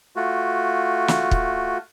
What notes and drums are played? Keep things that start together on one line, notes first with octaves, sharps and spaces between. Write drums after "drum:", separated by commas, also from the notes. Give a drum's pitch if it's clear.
A3 F4 F#4
drum: snare
drum: kick